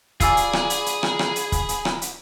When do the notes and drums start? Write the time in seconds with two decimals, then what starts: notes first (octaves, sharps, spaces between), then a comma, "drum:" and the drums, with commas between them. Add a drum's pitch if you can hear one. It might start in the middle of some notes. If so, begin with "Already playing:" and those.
0.20 F4 G4 G#4 D5 G#5 B5 E6 C7, drum: kick, hi-hat
0.37 drum: hi-hat
0.53 drum: rim click
0.70 drum: hi-hat
0.86 drum: hi-hat
1.03 drum: rim click
1.19 drum: rim click
1.36 drum: hi-hat
1.52 drum: kick, hi-hat
1.69 drum: hi-hat
1.85 drum: rim click
2.02 drum: hi-hat